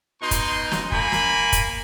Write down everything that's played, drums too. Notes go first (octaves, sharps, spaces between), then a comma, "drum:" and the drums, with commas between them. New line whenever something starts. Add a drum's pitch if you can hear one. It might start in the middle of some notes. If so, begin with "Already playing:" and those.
B2 D#4 C6
drum: kick, hi-hat
drum: snare
A#3 G#5 B5, drum: kick
drum: snare
drum: kick, hi-hat